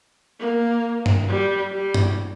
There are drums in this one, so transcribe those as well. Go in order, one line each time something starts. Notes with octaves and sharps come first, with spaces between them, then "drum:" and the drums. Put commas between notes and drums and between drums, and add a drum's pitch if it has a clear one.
A#3
drum: tom G2
G3
G3
drum: tom G2